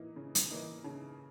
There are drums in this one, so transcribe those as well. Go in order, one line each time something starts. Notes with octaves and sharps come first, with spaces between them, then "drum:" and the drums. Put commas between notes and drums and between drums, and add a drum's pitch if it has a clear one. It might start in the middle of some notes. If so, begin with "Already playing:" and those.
Already playing: E3 A#3 D#4 E4
C#3
drum: hi-hat
E3 A#3 D#4
C#3 D#4